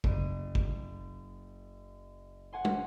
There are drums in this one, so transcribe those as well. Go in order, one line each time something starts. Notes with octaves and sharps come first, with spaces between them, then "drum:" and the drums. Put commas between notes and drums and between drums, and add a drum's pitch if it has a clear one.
F#1 D#7, drum: kick
drum: kick
F#5 G#5 C6
drum: tom